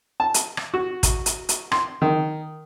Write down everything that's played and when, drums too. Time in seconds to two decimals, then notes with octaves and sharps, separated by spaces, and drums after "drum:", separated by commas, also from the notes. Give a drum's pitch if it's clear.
0.20 A5
0.34 drum: hi-hat
0.57 drum: rim click
0.74 F#4
1.03 drum: kick, hi-hat
1.26 drum: hi-hat
1.49 drum: hi-hat
1.72 C6, drum: rim click
2.02 D#3